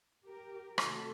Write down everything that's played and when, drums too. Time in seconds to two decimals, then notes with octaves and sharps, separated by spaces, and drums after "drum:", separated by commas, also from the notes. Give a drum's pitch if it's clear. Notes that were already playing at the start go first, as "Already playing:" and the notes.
0.25 G4 A#4
0.78 C3 D#3 A3 F#4 A4, drum: rim click